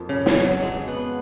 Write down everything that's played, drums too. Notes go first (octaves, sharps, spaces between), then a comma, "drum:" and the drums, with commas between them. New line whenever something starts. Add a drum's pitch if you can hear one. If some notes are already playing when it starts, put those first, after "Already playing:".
Already playing: F2 F3 A#3 F4
C#3
drum: snare
F#3
G#3
B3